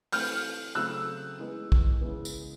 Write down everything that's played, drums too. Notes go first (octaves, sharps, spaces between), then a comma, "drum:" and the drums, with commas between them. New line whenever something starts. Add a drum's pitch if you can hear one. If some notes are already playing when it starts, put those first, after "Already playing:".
E3 A3 C4 F6 G6, drum: open hi-hat
C#3 F#3 A3 C4 E6 F#6
E3 G#3 B3
drum: kick
C#3 E3 G#3 B3
drum: tambourine